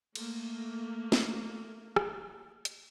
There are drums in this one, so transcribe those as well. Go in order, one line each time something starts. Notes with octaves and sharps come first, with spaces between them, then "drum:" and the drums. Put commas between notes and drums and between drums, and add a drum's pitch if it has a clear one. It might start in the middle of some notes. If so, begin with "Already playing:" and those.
A3 A#3, drum: cymbal
drum: snare
drum: rim click
drum: hi-hat